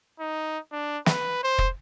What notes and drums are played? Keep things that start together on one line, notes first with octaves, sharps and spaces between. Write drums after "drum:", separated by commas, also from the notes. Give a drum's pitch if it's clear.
D#4
D4
B4, drum: snare
C5
drum: kick